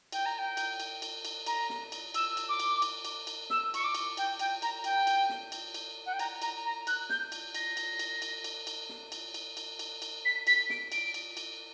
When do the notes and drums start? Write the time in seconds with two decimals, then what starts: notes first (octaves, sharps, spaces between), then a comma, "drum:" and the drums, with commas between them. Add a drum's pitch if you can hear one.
0.12 G5, drum: cymbal
0.25 A#5
0.38 G5
0.57 drum: cymbal
0.80 drum: cymbal
1.02 drum: cymbal
1.25 drum: cymbal
1.46 A#5, drum: cymbal
1.70 drum: snare
1.92 drum: cymbal
2.14 E6, drum: cymbal
2.37 drum: cymbal
2.48 D6
2.60 drum: cymbal
2.82 drum: cymbal
3.05 drum: cymbal
3.27 drum: cymbal
3.50 E6, drum: snare
3.74 C#6, drum: cymbal
3.83 D6
3.95 drum: cymbal
4.17 G5, drum: cymbal
4.39 G5, drum: cymbal
4.62 A#5, drum: cymbal
4.84 G5, drum: cymbal
5.07 drum: cymbal
5.29 drum: snare
5.52 drum: cymbal
5.74 drum: cymbal
6.05 F#5
6.13 G5
6.19 A#5, drum: cymbal
6.42 A#5, drum: cymbal
6.65 A#5
6.87 F#6, drum: cymbal
7.09 G6, drum: snare
7.32 drum: cymbal
7.55 A#6, drum: cymbal
7.77 drum: cymbal
7.99 drum: cymbal
8.22 drum: cymbal
8.44 drum: cymbal
8.67 drum: cymbal
8.89 drum: snare
9.12 drum: cymbal
9.34 drum: cymbal
9.57 drum: cymbal
9.79 drum: cymbal
10.02 drum: cymbal
10.25 B6
10.47 B6, drum: cymbal
10.70 D7, drum: snare
10.92 D7, drum: cymbal
11.14 drum: cymbal
11.37 drum: cymbal